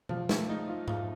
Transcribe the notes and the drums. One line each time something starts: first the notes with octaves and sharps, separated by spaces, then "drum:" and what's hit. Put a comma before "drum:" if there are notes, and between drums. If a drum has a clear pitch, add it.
F3, drum: tom B2
A3, drum: snare
D#4
F4
F4, drum: tom G#2